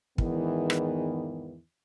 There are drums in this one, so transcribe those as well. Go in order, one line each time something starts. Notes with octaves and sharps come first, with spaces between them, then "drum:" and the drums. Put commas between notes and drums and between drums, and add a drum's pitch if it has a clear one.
E2 G#2 D#3 E3 B3, drum: kick
drum: rim click